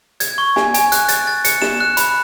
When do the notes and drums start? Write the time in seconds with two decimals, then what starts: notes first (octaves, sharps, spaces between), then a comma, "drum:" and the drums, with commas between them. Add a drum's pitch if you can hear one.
0.20 G#6, drum: hi-hat
0.38 C#6
0.56 G#5, drum: snare
0.74 G#5, drum: hi-hat
0.92 F#6, drum: hi-hat
1.09 A6, drum: hi-hat
1.27 A6
1.45 C#7, drum: hi-hat
1.62 E7, drum: snare
1.80 F#6
1.97 B5, drum: hi-hat